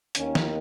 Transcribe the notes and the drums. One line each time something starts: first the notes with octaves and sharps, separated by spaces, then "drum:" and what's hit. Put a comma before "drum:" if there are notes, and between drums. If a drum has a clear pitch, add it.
D#2 D#3 A#3 C#4, drum: hi-hat
drum: snare